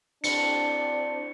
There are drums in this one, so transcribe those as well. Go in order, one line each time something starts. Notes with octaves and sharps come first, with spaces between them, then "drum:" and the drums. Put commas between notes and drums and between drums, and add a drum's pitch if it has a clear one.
C4 D4 C#7, drum: cymbal